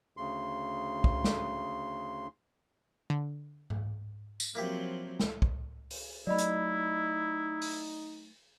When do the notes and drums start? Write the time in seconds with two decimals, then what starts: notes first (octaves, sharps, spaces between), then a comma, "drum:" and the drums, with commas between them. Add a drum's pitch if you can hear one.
0.17 D2 C#3 C6
1.04 drum: kick
1.24 drum: snare
3.10 D3
3.70 drum: tom G#2
4.40 drum: tambourine
4.55 F3 F#3 A#3 C4 E4 G4
5.20 drum: snare
5.42 drum: kick
5.90 drum: open hi-hat
6.27 F#3 A3 D#4 E4 D5 D#5 B5
6.38 drum: hi-hat
7.61 drum: open hi-hat